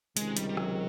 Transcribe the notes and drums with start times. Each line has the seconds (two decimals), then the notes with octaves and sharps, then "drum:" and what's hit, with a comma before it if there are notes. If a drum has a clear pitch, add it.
0.17 C#2 C3 D#3 G#3, drum: hi-hat
0.37 G3, drum: hi-hat
0.49 G3
0.57 F#3, drum: rim click